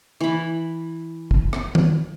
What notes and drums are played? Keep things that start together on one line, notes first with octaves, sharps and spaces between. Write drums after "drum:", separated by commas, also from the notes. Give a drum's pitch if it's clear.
E3 B5
drum: kick
drum: rim click
drum: tom D#3